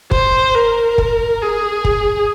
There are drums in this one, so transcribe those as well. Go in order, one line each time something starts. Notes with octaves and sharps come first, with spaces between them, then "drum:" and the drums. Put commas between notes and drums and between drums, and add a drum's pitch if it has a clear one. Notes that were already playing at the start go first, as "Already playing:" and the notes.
C5, drum: kick
A#4
drum: kick
G#4
drum: kick